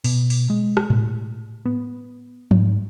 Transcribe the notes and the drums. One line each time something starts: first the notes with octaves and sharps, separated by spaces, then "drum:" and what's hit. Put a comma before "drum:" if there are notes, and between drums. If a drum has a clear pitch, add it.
B2, drum: open hi-hat
drum: open hi-hat
G#3
drum: rim click
A2, drum: tom A#2
B3
G#2, drum: tom